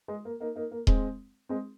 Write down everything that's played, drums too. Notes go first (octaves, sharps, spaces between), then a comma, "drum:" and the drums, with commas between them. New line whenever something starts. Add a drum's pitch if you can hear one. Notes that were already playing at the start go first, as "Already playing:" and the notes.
G#3
A#3
A#3 D#4
A#3 D#4
A#3
G#3 C4, drum: kick D#1
G#3 C4